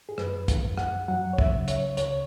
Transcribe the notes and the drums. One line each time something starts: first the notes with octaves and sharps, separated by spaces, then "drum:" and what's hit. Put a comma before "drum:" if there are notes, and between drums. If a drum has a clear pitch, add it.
G#4
F#2 B4, drum: rim click
drum: kick, hi-hat
F#2
F#5, drum: rim click
F#3 F#5
C#5
E5, drum: kick
C#3
C#5, drum: hi-hat
C#2 C#5, drum: hi-hat